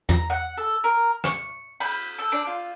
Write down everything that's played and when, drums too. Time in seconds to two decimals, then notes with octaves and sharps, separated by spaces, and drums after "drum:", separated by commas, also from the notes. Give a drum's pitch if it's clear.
0.09 A#5, drum: tom
0.30 F#5
0.57 A4
0.84 A#4
1.24 C#6, drum: rim click
1.80 B5, drum: cymbal
2.19 A4
2.32 D4
2.47 F4